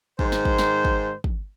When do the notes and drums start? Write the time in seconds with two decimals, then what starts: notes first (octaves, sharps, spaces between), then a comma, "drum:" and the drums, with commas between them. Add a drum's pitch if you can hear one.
0.19 G#2 D#3 C5, drum: kick
0.32 drum: snare
0.45 drum: kick
0.58 drum: snare
0.85 drum: kick
1.24 drum: kick